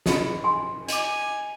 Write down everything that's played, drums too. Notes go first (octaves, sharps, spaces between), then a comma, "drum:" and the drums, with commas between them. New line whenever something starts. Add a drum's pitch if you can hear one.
D#5 B5, drum: snare
G#5 C6
D#5 G#5 D6, drum: hi-hat